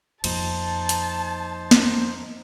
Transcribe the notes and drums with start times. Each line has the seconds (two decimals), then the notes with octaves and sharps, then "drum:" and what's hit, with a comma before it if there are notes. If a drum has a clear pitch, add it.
0.24 F2 A#2 D#4 C5 A5, drum: cymbal
0.89 drum: hi-hat
1.71 drum: snare